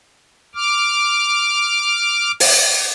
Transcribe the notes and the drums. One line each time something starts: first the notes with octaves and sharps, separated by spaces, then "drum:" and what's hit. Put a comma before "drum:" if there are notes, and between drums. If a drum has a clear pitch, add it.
D6 F6
drum: open hi-hat